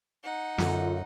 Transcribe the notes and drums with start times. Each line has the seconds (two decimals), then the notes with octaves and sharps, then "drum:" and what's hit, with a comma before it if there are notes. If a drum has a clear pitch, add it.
0.24 D#4 F#5
0.58 F#2 D3 F4, drum: snare